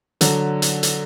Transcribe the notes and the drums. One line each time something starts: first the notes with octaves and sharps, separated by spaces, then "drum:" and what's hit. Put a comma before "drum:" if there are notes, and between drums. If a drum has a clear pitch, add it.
D3 F#3, drum: hi-hat
drum: hi-hat
drum: hi-hat